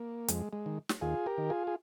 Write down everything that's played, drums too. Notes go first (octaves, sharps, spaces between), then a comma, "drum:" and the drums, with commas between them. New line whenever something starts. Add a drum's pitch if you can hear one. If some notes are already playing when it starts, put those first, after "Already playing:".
Already playing: A#3
F2 G#3, drum: hi-hat
G#3
D#3
drum: snare
D#2 F4 G#4
G4 A#4
D#3
F4 G#4
G#4